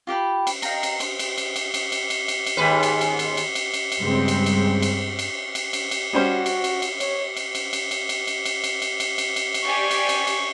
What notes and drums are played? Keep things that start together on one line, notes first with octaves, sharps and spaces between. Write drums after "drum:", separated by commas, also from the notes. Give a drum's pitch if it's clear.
F4 G4 G5 B5
drum: cymbal
D#5 F5 G5 A#5, drum: cymbal
drum: cymbal
C6, drum: cymbal
drum: cymbal
drum: cymbal
drum: cymbal
drum: cymbal
drum: cymbal
drum: cymbal
drum: cymbal
drum: cymbal
D#2 G#2 B4
drum: cymbal
drum: cymbal
drum: cymbal
drum: cymbal
drum: cymbal
drum: cymbal
drum: cymbal
G2 C#3 G3 G#3 C4
drum: cymbal
drum: cymbal
drum: cymbal
drum: cymbal
drum: cymbal
drum: cymbal
drum: cymbal
G3 C#4 F#4 C5
drum: cymbal
drum: cymbal
drum: cymbal
C#5, drum: cymbal
drum: cymbal
drum: cymbal
drum: cymbal
drum: cymbal
drum: cymbal
drum: cymbal
drum: cymbal
drum: cymbal
drum: cymbal
drum: cymbal
drum: cymbal
drum: cymbal
drum: cymbal
G4 D5 G#5 C#6
drum: cymbal
drum: cymbal
drum: cymbal